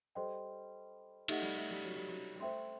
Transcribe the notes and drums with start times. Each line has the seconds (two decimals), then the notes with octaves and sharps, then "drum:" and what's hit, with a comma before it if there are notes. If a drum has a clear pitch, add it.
0.15 G3 A4 C5 D#5 G5 C6
1.28 A3 D#4 G4 D#5 F#5, drum: cymbal
1.42 G3
1.57 A3
1.71 G3
1.85 F#3
1.96 G3
2.08 F#3
2.36 G3
2.40 A3 C5 E5 G5 C6